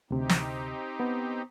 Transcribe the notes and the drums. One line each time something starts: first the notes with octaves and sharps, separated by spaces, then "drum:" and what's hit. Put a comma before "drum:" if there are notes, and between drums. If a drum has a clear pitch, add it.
D2 C3 C4 D#4 G4
drum: snare
B3